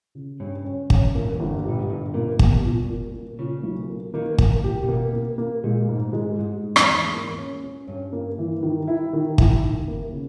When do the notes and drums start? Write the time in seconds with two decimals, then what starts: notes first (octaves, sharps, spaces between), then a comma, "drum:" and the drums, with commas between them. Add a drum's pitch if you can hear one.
0.15 C#3
0.40 G2 C#4
0.65 C#4
0.90 C#4, drum: kick
1.14 E2 A#3
1.23 G2
1.31 E2
1.40 G1
1.64 A#2 G3
1.79 G#2
1.89 G1 G2
2.14 A#2 A#3
2.39 B2 G3, drum: kick
2.64 A#2
2.89 A#3
3.14 A#3
3.39 A#2 C#3
3.63 B1
3.89 A#3
4.14 D#3 A#3
4.38 A#3, drum: kick
4.64 G4
4.83 A#2
4.88 B2 A#3
5.13 A#3
5.38 A#3
5.64 A#2 G#3
5.89 G#2
6.13 G#3
6.39 G#2 G#3
6.63 G#2
6.76 E2, drum: rim click
6.88 G#2
7.02 E2
7.13 A#3
7.38 C#4
7.64 C#4
7.87 G2 C#4
8.13 A#3
8.38 E3
8.63 D#3
8.88 E4
9.13 D#3
9.38 E4, drum: kick
9.63 D#3
9.88 A#3
10.12 C#3